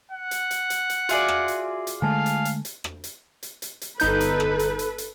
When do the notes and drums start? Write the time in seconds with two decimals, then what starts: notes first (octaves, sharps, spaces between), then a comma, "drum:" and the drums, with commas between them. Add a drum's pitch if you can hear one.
0.11 F#5
0.31 drum: hi-hat
0.51 drum: hi-hat
0.70 drum: hi-hat
0.90 drum: hi-hat
1.09 F4 F#4 G#4 D5 E5, drum: hi-hat
1.28 drum: rim click
1.48 drum: hi-hat
1.87 drum: hi-hat
2.02 D3 G#3 A3 F5 G#5 A5
2.26 drum: hi-hat
2.45 drum: hi-hat
2.65 drum: hi-hat
2.84 drum: rim click
3.04 drum: hi-hat
3.43 drum: hi-hat
3.62 drum: hi-hat
3.81 drum: hi-hat
4.00 G1 D#4 A4 B4 G6, drum: hi-hat
4.20 drum: hi-hat
4.40 drum: rim click
4.59 drum: hi-hat
4.79 drum: hi-hat
4.98 drum: hi-hat